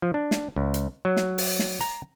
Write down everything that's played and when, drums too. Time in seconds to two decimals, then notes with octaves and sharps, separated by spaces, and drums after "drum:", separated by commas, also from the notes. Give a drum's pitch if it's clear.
0.02 F3
0.14 D4
0.31 drum: snare
0.56 C#2
0.74 drum: hi-hat
1.05 F#3
1.17 drum: snare
1.38 drum: open hi-hat
1.59 drum: snare
1.81 A#5, drum: hi-hat